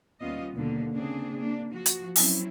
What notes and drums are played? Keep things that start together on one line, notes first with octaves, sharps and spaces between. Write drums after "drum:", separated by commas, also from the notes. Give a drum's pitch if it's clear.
D#2 G3 B3 C#4 F4 D#5
D#2 B2 D3 A#3
C#3 A#3 C4 D4 G#4
A#3 D4
F3 F#4
drum: hi-hat
F#3 C4 C#4 E4, drum: open hi-hat